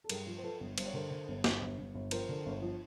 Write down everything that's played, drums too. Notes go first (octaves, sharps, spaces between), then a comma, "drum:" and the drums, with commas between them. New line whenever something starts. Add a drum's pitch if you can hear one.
A4
G2 G#4 A#4, drum: cymbal
F3
C5
F3 A4 B4
G1
G2 C5, drum: cymbal
C#5
D3 A#4 C5
D3
G1
G1, drum: snare
G1
G1
G1
F3 A#4 C5, drum: cymbal
D3
G1
F3